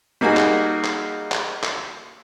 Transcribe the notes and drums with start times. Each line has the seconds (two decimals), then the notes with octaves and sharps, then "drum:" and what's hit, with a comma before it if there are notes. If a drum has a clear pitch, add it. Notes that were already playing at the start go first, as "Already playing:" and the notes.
0.21 G3 A#3 D#4 F#4 G#4
0.37 drum: clap
0.84 drum: clap
1.32 drum: clap
1.63 drum: clap